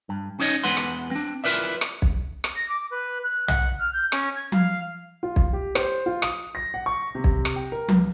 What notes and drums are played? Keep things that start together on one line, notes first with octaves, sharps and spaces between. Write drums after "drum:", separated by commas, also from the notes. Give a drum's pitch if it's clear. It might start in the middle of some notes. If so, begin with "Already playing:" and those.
G2
C#4 D#4 C#5 D#5
E2 G#3 B4 F#5 C6
drum: rim click
C4 D4
E4 F4 A#4 B4 D5 E5
drum: rim click
drum: kick B1
drum: rim click
A#6
D6
B4
F#6
F#5, drum: tom
F6
G6
C#4, drum: rim click
G#6
F5, drum: tom F3
F4
drum: kick B1
G4
C5, drum: rim click
F4
D#6, drum: rim click
A#6
F#5
C#6
C3
drum: kick B1
drum: rim click
G5
A#4
C#2, drum: tom F3